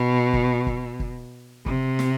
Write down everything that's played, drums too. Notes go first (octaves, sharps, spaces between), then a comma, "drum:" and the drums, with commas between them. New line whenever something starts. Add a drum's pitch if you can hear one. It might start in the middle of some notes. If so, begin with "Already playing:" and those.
Already playing: B2
drum: kick
drum: kick
drum: kick
C3, drum: kick
drum: snare